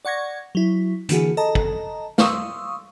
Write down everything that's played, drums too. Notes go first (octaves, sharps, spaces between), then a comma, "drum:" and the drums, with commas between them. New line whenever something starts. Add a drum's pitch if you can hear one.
D5 F#5 C#6 G#6 A#6
F#3 E4
D3 E3 A#3 F#4 G#4, drum: hi-hat
A4 D#5 A5 A#5
drum: kick
F5 C6 C#6 D#6 E6, drum: snare